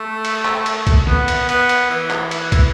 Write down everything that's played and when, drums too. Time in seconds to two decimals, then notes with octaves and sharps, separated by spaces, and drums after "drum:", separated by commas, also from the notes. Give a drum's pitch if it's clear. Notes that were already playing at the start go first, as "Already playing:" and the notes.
Already playing: A3
0.25 drum: cymbal
0.45 drum: clap
0.66 drum: cymbal
0.87 drum: kick, cymbal
1.07 B3, drum: tom
1.28 drum: cymbal
1.49 B3, drum: cymbal
1.69 drum: cymbal
1.90 E3
2.11 drum: clap
2.31 drum: cymbal
2.52 drum: kick, cymbal